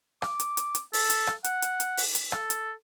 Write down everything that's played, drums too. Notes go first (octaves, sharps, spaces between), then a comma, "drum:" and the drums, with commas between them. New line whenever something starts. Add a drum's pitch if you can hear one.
D6, drum: rim click
drum: hi-hat
drum: hi-hat
drum: hi-hat
A4, drum: open hi-hat
drum: hi-hat
drum: rim click
F#5, drum: hi-hat
drum: hi-hat
drum: hi-hat
drum: open hi-hat
drum: hi-hat
A4, drum: rim click
drum: hi-hat